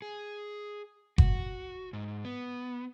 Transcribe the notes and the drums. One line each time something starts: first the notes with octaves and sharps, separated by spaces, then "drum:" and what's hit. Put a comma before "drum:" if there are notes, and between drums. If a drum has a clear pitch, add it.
G#4
F#4, drum: kick F#1
G#2
B3